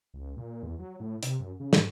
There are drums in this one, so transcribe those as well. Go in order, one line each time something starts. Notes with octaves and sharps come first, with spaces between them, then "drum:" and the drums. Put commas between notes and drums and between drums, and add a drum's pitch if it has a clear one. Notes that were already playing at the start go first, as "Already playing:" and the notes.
C#2
A#2
E2
F#3
A2
C3, drum: hi-hat
F#2
C#3
G#2, drum: snare